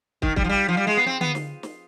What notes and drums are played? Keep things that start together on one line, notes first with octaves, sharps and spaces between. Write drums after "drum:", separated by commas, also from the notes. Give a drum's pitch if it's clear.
D#3, drum: kick
G3, drum: kick
F3
G3
F3
G3
G#3
B3
C4
B3, drum: tom D3
drum: snare
drum: snare